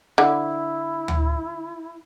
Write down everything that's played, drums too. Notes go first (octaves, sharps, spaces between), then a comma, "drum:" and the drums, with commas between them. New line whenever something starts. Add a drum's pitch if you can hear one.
D3 E4
drum: tom D2